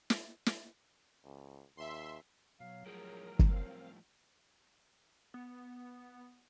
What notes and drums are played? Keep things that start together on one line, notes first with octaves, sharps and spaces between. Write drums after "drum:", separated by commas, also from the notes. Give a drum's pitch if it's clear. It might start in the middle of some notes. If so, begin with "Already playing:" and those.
drum: snare
drum: snare
C#2
D#2 E5 C6
B2 F#3 F5
A2 F3 G3 G#4 A#4
drum: kick
C4 A#4 F5
B3